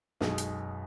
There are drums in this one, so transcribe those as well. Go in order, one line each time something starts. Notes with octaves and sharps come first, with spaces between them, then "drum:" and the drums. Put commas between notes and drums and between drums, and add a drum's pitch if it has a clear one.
B1 F#2 B2 G#3 D#4, drum: snare
drum: hi-hat